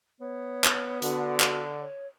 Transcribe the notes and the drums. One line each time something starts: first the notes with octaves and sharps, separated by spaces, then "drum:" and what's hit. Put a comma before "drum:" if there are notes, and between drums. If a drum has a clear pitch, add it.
B3 C#5
drum: clap
D3 F#4, drum: hi-hat
drum: clap
C#5